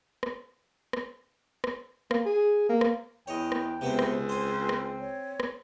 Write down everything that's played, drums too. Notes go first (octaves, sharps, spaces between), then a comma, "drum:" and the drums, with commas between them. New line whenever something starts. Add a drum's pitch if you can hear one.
drum: rim click
drum: rim click
drum: rim click
A#3, drum: rim click
G#4
A#3
drum: rim click
E2 C#5 D#5 G5
drum: rim click
C#2 C3 B3 C4 C5
drum: rim click
C4 C5 G#5 C6
drum: rim click
C#5
drum: rim click